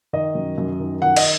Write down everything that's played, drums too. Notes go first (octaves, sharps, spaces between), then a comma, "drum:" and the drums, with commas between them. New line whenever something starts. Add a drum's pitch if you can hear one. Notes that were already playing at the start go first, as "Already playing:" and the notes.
D#3 D#5
F#2
F#2
D#3
D#3 F#5
D#5, drum: cymbal